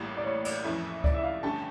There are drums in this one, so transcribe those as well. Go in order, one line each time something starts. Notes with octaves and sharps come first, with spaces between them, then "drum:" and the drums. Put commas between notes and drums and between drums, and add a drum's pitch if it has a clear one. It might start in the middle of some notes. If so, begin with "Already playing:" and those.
Already playing: A1 A2 G3 A#3
D5
C#5
D5, drum: cymbal
F2 E3 A3 C#4 E4
D5, drum: kick C#2
E5
F5
G2 D3 A3 C#4 G4 A5